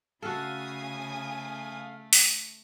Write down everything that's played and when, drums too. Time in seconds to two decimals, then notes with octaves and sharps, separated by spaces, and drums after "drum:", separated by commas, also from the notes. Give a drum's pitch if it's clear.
0.22 C#3 A3 F#4 A4 F5 G#5 D#6
2.13 drum: open hi-hat